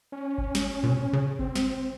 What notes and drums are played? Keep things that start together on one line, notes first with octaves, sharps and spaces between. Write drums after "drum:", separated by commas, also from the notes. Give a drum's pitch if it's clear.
C#4
drum: kick G1
drum: snare
A#2
C3
C#3
C4, drum: kick G1
drum: snare